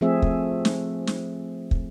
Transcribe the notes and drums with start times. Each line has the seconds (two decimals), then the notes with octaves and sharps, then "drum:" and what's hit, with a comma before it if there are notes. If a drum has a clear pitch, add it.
0.01 F3 A3 C4 G#4 E5
0.22 drum: kick
0.65 drum: snare
1.07 drum: snare
1.71 drum: kick